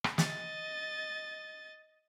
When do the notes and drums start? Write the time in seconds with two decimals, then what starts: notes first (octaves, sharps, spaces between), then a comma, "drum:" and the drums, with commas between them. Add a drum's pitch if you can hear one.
0.04 drum: rim click
0.18 D#5 A6, drum: snare